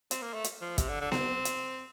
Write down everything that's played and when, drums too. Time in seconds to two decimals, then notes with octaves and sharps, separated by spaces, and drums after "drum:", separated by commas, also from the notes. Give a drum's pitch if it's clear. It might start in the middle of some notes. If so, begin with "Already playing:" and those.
0.11 C4, drum: hi-hat
0.22 A#3
0.33 A3
0.44 drum: hi-hat
0.61 F3
0.78 C3, drum: kick, hi-hat
0.89 D3
1.01 D3
1.12 C4, drum: snare B3
1.45 drum: hi-hat